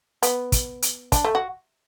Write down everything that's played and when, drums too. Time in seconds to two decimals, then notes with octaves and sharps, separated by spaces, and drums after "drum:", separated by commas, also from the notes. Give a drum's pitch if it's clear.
0.23 B3, drum: hi-hat
0.52 drum: kick, hi-hat
0.82 drum: hi-hat
1.12 D4, drum: kick, hi-hat
1.24 A3
1.35 F#4